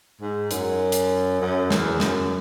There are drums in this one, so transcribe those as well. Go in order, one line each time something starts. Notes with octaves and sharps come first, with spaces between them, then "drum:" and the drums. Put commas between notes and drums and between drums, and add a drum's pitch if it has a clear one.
G#2
F#2, drum: hi-hat
drum: hi-hat
F#2
E2, drum: snare
F#2, drum: snare